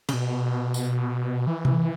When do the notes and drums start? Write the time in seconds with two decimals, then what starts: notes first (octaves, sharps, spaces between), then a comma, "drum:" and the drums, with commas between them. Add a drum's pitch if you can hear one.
0.09 C#3, drum: cymbal
0.13 B2
0.74 drum: tambourine
1.47 E3
1.65 drum: tom C3